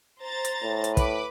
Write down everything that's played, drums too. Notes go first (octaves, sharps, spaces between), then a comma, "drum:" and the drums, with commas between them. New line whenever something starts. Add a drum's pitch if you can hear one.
C5 A#5 A6
drum: hi-hat
A2
drum: hi-hat
B4 B5 D6, drum: kick, hi-hat